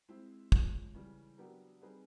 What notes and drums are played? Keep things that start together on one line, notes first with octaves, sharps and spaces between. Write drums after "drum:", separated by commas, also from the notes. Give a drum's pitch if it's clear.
G#3 C4 E4
C#3 F3 G#3, drum: kick
C#3 E3 G3
F#3 B3 D4 G4 A#4
G3 C4 D#4 G#4 B4